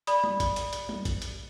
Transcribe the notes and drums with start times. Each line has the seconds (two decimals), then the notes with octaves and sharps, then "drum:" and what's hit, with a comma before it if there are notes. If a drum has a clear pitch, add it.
0.07 D5 B5 D#6, drum: hi-hat
0.24 drum: tom G3
0.40 drum: kick, hi-hat
0.56 drum: hi-hat
0.73 drum: hi-hat
0.89 drum: tom G3
1.05 drum: kick, hi-hat
1.22 drum: hi-hat